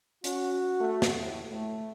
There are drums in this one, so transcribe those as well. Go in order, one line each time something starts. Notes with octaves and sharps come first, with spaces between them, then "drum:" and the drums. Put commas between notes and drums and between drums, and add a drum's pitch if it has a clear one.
C#4 F#4, drum: hi-hat
A3
drum: snare
A2
A2 A3